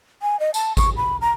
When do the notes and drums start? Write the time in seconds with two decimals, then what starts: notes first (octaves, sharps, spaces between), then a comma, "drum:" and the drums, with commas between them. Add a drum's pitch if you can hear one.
0.22 G#5
0.40 D#5
0.54 A5, drum: tambourine
0.77 C#6, drum: kick G#1, tambourine
0.97 B5
1.21 A#5